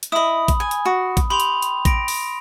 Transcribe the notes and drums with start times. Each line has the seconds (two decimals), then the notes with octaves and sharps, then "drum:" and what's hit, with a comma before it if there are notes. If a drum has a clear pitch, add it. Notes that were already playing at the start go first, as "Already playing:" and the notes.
0.03 drum: hi-hat
0.12 E4 D#5 B5 D#6
0.48 drum: kick A1, hi-hat
0.60 G#5
0.71 drum: hi-hat
0.86 F#4
1.17 drum: kick A1, hi-hat
1.30 G4 B5 C6 F7
1.40 drum: hi-hat
1.62 drum: hi-hat
1.85 A#6 D7, drum: kick A1, hi-hat
2.08 drum: open hi-hat